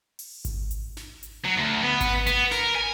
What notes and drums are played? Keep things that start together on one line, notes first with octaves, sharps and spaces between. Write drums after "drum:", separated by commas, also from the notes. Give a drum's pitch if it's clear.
drum: open hi-hat
drum: kick G#1, hi-hat
drum: hi-hat
drum: snare
drum: hi-hat
F#3
D2
B3
drum: kick G#1, hi-hat
B3, drum: hi-hat
A#4, drum: snare
G#5